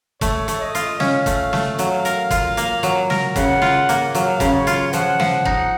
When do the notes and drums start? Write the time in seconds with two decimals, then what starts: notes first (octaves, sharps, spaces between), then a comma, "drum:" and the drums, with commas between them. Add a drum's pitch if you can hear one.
0.21 A3 C#5, drum: kick, hi-hat
0.48 A3, drum: hi-hat
0.61 D#5
0.75 F4, drum: hi-hat
1.00 C#4 F5, drum: snare
1.26 A3, drum: kick, hi-hat
1.53 A3, drum: snare
1.78 F#3 F5, drum: hi-hat
2.05 A#4, drum: hi-hat
2.31 F4, drum: kick, hi-hat
2.57 A#3, drum: hi-hat
2.83 F#3, drum: hi-hat
3.10 A#4, drum: snare
3.36 C#3 F#5, drum: kick, hi-hat
3.62 F4, drum: snare
3.89 A#3, drum: hi-hat
4.15 F#3 F5, drum: hi-hat
4.40 C#3, drum: kick, hi-hat
4.54 C#5
4.67 F4, drum: hi-hat
4.93 F3 F#5, drum: hi-hat
5.20 F3, drum: snare
5.46 D#4, drum: kick